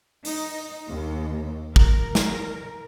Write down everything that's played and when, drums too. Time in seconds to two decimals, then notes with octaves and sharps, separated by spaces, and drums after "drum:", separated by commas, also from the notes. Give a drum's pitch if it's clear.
0.25 D#4, drum: open hi-hat
0.89 D#2
1.76 A#4, drum: kick
2.15 drum: snare